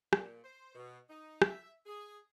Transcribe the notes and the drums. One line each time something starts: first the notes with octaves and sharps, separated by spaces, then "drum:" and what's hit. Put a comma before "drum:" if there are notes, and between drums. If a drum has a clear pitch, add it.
A#2, drum: rim click
C5
B2
D#4
E5, drum: rim click
G#4